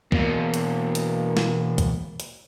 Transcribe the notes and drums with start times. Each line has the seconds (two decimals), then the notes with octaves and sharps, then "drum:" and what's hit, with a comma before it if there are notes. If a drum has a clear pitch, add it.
0.12 E2 B2 A#3, drum: kick
0.54 drum: hi-hat
0.95 drum: hi-hat
1.37 drum: snare
1.78 drum: kick, hi-hat
2.20 drum: hi-hat